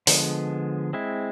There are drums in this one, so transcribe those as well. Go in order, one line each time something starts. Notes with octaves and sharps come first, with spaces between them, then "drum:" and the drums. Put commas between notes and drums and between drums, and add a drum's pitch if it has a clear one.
D3 F3 G#3 B3, drum: open hi-hat
G#3 C4 E4